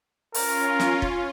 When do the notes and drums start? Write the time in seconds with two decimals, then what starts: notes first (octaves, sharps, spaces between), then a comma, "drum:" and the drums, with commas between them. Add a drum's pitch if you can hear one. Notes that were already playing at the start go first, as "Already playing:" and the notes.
0.34 C#4 F4 A#4, drum: open hi-hat
0.80 drum: snare
1.02 drum: kick